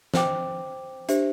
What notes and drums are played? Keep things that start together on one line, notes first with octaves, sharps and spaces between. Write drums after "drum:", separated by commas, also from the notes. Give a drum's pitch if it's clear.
C5 G5 D6, drum: snare
D4 G4 C5 E5, drum: hi-hat